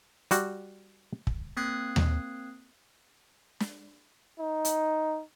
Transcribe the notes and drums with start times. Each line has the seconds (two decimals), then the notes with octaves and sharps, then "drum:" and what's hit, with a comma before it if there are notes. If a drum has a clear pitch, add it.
0.31 G3 F#4, drum: hi-hat
1.27 drum: kick
1.57 A#3 C4 D#6 F#6 G#6 C7
1.96 drum: tom D#2
3.60 drum: snare
4.40 D#4
4.65 drum: hi-hat